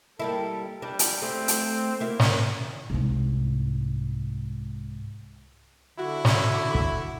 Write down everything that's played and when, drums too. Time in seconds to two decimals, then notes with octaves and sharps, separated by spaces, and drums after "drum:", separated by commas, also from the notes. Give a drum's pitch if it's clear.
0.19 G3 A#3 E4 A4
0.82 G3 D4
0.99 drum: hi-hat
1.22 A3 C4 G#4
1.48 drum: hi-hat
2.00 A#3 E4 F#4
2.20 drum: snare
2.90 C2 G#2
5.98 D3 E4 F#4
6.25 drum: snare
6.75 drum: kick